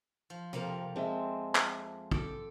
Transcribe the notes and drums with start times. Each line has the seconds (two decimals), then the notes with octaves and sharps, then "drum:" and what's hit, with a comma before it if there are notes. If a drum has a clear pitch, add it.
0.30 F3
0.53 F2 C3 F3 A#3 A#4 F5 A#5
0.96 G#3 C4 E5 A5
1.55 drum: clap
2.11 A4 G5 D6, drum: kick